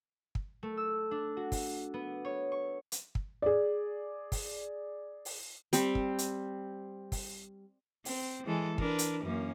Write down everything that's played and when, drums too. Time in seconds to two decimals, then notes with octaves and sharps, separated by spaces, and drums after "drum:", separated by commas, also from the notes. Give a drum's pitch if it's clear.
0.35 drum: kick
0.63 A3
0.77 E6
1.11 D4
1.37 F#4
1.52 drum: kick, open hi-hat
1.94 B3
2.25 C#5
2.52 C#6
2.92 drum: hi-hat
3.15 drum: kick
3.42 G#4 D5
4.32 drum: kick, open hi-hat
5.25 drum: open hi-hat
5.73 G3 C4, drum: hi-hat
5.95 drum: kick
6.18 drum: hi-hat
7.12 drum: kick, open hi-hat
8.05 C4, drum: open hi-hat
8.46 E3 G#3 A4
8.78 D4 A#4 B4, drum: kick
8.99 drum: hi-hat
9.24 F#2 A#3 C#4